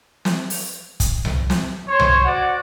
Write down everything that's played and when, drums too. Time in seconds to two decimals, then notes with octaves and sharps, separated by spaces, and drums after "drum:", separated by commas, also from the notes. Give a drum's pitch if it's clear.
0.25 drum: snare
0.50 drum: open hi-hat
1.00 drum: kick, hi-hat
1.25 drum: tom C2
1.50 drum: snare
1.88 C5 C#5
2.00 drum: tom C2
2.24 F#4 D5 F#5